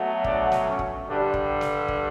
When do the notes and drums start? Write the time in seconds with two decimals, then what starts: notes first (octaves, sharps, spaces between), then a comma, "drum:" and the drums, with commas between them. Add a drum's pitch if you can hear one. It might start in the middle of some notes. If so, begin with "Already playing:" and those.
Already playing: B2 F#3 A3
0.24 D4, drum: kick
0.52 drum: snare
0.65 C#4
0.79 drum: kick
1.06 G2 D3 G3 D4
1.34 drum: kick
1.61 drum: snare
1.88 drum: kick